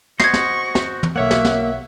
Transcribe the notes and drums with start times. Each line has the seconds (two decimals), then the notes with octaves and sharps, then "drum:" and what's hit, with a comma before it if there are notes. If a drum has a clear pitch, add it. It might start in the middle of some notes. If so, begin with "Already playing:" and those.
0.20 F#4 C5 D#5 C#6 G#6 C7, drum: snare
0.34 drum: snare
0.75 drum: snare
1.03 drum: tom
1.16 B1 A#3 C#5 E5 F#5
1.31 drum: snare
1.45 drum: snare